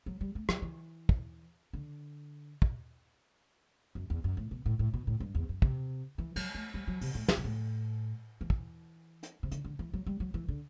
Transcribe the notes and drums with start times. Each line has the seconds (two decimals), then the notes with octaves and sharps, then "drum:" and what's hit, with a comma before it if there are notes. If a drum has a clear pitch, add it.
0.06 F#3
0.21 G3
0.35 A3
0.49 F#3, drum: rim click
0.62 E3
1.09 drum: kick
1.73 D3
2.62 drum: kick
3.95 F#2
4.10 E2
4.24 F#2
4.37 A2
4.51 B2
4.66 A2
4.79 A2
4.94 B2
5.07 A2
5.20 G2
5.35 E2
5.49 F#2
5.62 C3, drum: kick
6.18 E3
6.36 F#3, drum: cymbal
6.55 A3
6.74 G3
6.88 F#3
7.01 C3, drum: open hi-hat
7.15 A2
7.28 A2, drum: snare
7.37 B2
7.44 A2
8.41 E3
8.50 drum: kick
9.23 drum: hi-hat
9.43 C3
9.51 D3, drum: hi-hat
9.64 D3
9.79 E3
9.93 F#3
10.06 G3
10.20 F#3
10.34 E3
10.48 D3